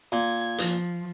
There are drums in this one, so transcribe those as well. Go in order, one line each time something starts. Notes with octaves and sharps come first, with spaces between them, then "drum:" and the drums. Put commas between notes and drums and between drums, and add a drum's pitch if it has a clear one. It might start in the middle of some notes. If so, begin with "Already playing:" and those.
A#2 G#6
F3, drum: hi-hat